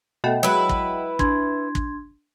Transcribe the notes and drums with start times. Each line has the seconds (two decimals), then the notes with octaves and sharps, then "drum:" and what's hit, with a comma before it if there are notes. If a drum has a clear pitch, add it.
0.24 B2 A3 D#5 F#5 G5
0.43 F#3 G#3 E4 B4
0.69 drum: kick
1.19 D4 C6 G#6, drum: kick
1.75 drum: kick